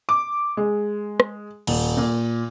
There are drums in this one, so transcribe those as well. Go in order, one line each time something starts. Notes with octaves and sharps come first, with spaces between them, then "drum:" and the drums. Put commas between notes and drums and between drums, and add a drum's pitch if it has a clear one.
D6
G#3
drum: rim click
D#1, drum: cymbal
A#2